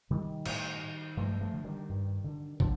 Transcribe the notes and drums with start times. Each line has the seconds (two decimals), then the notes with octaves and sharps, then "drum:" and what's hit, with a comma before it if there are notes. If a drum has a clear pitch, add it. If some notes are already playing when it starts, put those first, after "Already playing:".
0.10 C3 D#3 G3
0.46 A2, drum: cymbal
1.17 G2 F3 A3
1.41 F3 A3
1.53 D3
1.64 D#3 G3
1.89 G2
2.24 D3
2.60 D3 F3, drum: kick